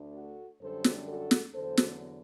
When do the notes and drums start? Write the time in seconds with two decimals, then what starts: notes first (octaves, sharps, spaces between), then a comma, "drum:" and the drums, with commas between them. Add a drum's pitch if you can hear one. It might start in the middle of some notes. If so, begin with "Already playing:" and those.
Already playing: D2 D3 A3 D4
0.14 F#4 A4
0.61 F#2 D3 G3 D4 A4 C5
0.84 drum: snare
1.07 F#4 A4
1.31 drum: snare
1.54 E2 D3 F#3 A4 C5
1.77 drum: snare